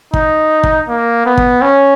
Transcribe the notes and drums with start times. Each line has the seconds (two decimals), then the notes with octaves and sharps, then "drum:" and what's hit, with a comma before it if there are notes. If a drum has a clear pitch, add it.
0.14 D#4, drum: kick
0.63 drum: kick
0.88 A#3
1.26 B3
1.38 drum: kick
1.62 C#4